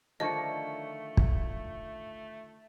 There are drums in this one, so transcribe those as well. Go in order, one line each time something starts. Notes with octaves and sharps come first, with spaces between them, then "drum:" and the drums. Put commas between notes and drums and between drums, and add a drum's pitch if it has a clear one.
D3 D#3 F3 A3 D#5 F5 C#6 C#7
drum: kick